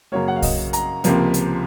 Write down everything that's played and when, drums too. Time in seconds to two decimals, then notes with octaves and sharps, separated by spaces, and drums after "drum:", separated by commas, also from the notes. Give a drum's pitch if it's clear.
0.12 F#2 C#3 F#3 A#3 C#5
0.28 F#5
0.36 F5
0.42 D#5, drum: kick, open hi-hat
0.73 A#5, drum: hi-hat
1.04 C#2 C3 F3 A#3, drum: hi-hat
1.34 drum: hi-hat